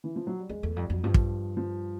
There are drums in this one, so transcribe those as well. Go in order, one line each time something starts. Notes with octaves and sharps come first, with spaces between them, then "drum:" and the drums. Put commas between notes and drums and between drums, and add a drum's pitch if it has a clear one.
E3
F3
F#3
G3
E2 G#3
E2 A3
F2 G3
F2 F#3
G2 F3
drum: kick
F3